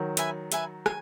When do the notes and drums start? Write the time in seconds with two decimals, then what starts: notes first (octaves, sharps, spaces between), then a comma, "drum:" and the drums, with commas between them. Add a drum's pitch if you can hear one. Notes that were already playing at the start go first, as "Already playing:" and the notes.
Already playing: D#3 F#3
0.17 B4 E5 G#5, drum: hi-hat
0.52 B4 E5 G#5, drum: hi-hat
0.86 G#5, drum: rim click